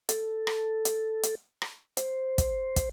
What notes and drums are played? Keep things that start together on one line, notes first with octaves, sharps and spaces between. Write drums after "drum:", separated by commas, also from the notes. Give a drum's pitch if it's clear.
A4, drum: hi-hat
drum: rim click
drum: hi-hat
drum: hi-hat
drum: rim click
C5, drum: hi-hat
drum: kick, hi-hat
drum: kick, hi-hat